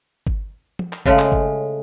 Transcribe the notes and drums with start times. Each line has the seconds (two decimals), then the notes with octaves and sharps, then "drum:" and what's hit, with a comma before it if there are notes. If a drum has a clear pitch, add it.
0.27 drum: kick G1
0.79 drum: tom
0.92 drum: clap
1.06 C#3 G#3 A3, drum: kick G1
1.19 drum: clap
1.32 drum: kick G1